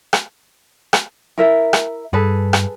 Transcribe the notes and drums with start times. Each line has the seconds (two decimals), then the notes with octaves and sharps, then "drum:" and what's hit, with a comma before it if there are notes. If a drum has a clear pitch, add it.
0.13 drum: rim click
0.93 drum: rim click
1.38 E4 A#4 E5
1.73 drum: rim click
2.13 G2 G#4 A4 B4
2.53 drum: rim click